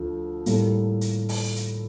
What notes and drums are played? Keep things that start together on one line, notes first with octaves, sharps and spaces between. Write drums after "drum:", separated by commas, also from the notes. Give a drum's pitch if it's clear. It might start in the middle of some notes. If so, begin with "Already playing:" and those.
Already playing: D2 F3
A2 G3 A#3, drum: hi-hat
drum: hi-hat
drum: open hi-hat
drum: hi-hat